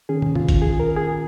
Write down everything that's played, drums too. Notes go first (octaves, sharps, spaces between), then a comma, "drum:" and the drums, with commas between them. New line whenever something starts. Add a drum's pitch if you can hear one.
D#3 C#4 G#4
drum: tom
F4, drum: tom
drum: kick G1, hi-hat
G#4
A#4
G#4